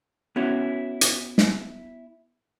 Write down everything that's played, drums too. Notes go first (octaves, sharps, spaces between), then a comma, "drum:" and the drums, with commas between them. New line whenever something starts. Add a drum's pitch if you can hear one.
B3 C#4 E4 F#4 C#5
drum: hi-hat
drum: snare